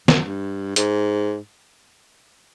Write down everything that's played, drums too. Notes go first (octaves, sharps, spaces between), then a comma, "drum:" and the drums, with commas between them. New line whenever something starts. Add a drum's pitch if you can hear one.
F#2, drum: snare
G2
G#2, drum: hi-hat